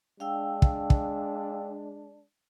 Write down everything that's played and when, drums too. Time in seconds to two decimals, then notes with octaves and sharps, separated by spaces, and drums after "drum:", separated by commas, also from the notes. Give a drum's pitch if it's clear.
0.20 G#3 D4 F5 G5 E6
0.62 drum: kick
0.90 drum: kick